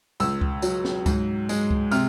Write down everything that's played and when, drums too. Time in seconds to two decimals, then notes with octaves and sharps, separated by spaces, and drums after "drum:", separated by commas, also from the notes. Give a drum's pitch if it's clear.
0.20 C#2 E6, drum: tambourine
0.41 drum: kick C#2
0.62 F#3, drum: tambourine
0.84 drum: snare
1.06 G#2, drum: kick C#2, tambourine
1.49 G#3, drum: tambourine
1.71 drum: kick C#2
1.91 C3 F6, drum: tambourine